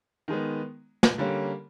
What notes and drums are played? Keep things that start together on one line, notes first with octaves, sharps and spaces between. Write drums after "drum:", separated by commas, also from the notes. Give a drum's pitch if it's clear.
D#3 G#3 B3
drum: snare
D3 G3 A#3 C#4